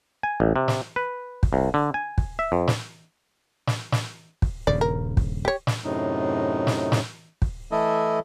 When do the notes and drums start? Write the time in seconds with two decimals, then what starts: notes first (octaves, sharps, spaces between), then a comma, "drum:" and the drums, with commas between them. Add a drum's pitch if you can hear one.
0.23 G#5
0.40 A1
0.56 C3
0.68 drum: snare
0.96 B4
1.43 drum: kick
1.53 C2
1.74 D3
1.94 G#5
2.18 drum: kick
2.39 E5
2.52 F2
2.68 drum: snare
3.67 drum: snare
3.92 drum: snare
4.42 drum: kick
4.67 D#1 G2 C#3 D5
4.81 A#4
5.17 drum: kick
5.45 G4 C#5
5.67 drum: snare
5.84 F#2 A2 C3 D#4
6.67 drum: snare
6.92 drum: snare
7.42 drum: kick
7.71 E3 A3 E4 A4 D#5